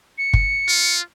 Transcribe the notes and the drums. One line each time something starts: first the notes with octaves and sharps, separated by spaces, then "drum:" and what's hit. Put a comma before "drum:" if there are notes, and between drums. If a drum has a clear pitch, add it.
C#7
drum: kick
F4